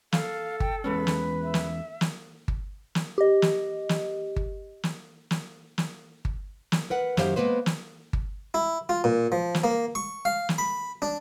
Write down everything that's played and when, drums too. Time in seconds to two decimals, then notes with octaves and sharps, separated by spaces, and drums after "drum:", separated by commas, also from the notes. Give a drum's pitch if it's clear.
0.12 A4 F5, drum: snare
0.60 G5, drum: kick G1
0.84 E2 G#3 C#4 B4
1.07 drum: snare
1.42 E5
1.54 drum: snare
2.01 drum: snare
2.48 drum: kick G1
2.95 drum: snare
3.18 G4 D#5
3.42 drum: snare
3.89 drum: snare
4.36 drum: kick G1
4.83 drum: snare
5.31 drum: snare
5.78 drum: snare
6.25 drum: kick G1
6.72 drum: snare
6.90 A#4 B4 F#5
7.17 F#2 D#3 F#3 G4 C5 F5, drum: snare
7.36 G#3 A#3 B3 B4 C5
7.66 drum: snare
8.13 drum: kick G1
8.54 E4
8.89 F4
9.04 A#2
9.32 F3
9.55 drum: snare
9.64 A#3
9.95 C#6
10.25 F5
10.49 drum: snare
10.58 B5
11.02 D4